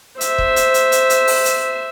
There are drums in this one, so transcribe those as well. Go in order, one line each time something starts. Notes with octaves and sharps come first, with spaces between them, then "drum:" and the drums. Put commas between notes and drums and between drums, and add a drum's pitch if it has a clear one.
C5 E5, drum: hi-hat
drum: kick
drum: hi-hat
drum: hi-hat
drum: hi-hat
drum: hi-hat
drum: open hi-hat
drum: hi-hat